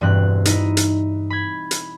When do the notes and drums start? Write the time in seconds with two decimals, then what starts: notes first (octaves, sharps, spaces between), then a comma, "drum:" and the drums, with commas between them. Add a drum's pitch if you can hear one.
0.01 E1 G2 C4 F#6
0.45 D#4 E4, drum: hi-hat
0.77 drum: hi-hat
1.30 B5 G#6
1.71 drum: hi-hat